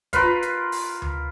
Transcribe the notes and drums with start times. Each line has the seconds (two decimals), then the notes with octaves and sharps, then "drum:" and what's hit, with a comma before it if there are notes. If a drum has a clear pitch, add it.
0.13 F4 A#4 B4 F5, drum: kick G1, hi-hat
0.42 drum: hi-hat
0.72 drum: open hi-hat
1.02 drum: tom D2